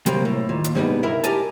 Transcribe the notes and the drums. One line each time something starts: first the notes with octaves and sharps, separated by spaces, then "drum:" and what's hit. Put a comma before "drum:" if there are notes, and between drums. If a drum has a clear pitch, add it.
C2 C3 F#3 G3 A#3 C4, drum: hi-hat
A2
D#2 A#2
drum: hi-hat
G2 B2 G3 G#3 B3 D#4
C#2 G2 E4 A#4 E5
G4 A#4 G#5 A5, drum: hi-hat